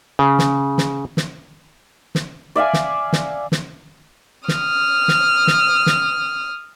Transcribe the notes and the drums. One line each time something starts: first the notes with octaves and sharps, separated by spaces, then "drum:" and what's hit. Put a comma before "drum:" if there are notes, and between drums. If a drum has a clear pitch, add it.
C#3
drum: snare
drum: snare
drum: snare
drum: snare
D5 E5 F5 G#5
drum: snare
drum: snare
drum: snare
D#6 F6, drum: snare
drum: snare
drum: snare
drum: snare